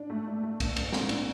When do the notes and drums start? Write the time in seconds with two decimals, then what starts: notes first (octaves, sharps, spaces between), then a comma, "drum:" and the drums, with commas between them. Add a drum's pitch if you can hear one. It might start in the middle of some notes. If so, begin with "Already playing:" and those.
Already playing: D4
0.10 A3
0.27 A3
0.43 A3
0.60 A#2, drum: kick, cymbal
0.76 A#2, drum: cymbal
0.93 C2 C4, drum: snare
1.09 A#2 D4, drum: cymbal